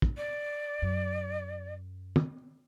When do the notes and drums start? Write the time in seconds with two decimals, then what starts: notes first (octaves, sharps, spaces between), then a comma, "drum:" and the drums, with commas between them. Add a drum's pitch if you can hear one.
0.02 drum: kick
0.17 D5
0.82 F#2
2.16 drum: tom